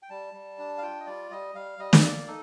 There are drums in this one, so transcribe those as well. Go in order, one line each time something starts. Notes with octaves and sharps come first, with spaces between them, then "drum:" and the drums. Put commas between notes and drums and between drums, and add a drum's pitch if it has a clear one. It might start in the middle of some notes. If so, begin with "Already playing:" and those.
G5
G3 A5
G3
D4
F5
F4 G5
D#5
G3 D5
G3 D#5
G3 F5
G3 D#5
drum: snare
A#3 D5
D#4 A4